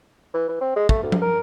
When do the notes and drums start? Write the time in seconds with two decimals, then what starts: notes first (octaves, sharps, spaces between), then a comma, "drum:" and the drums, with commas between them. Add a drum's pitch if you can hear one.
0.34 E3
0.49 E3
0.61 C4
0.76 G#3
0.89 A3, drum: kick
1.03 D2
1.12 drum: tom F3
1.21 A#4